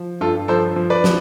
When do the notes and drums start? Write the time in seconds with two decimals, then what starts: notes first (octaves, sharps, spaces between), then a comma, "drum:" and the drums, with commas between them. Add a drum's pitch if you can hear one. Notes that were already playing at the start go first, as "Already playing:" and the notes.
Already playing: F3
0.21 G2 F4 A4
0.48 F3 A4 C5
0.76 F3
0.90 B4 D5
1.04 F3, drum: snare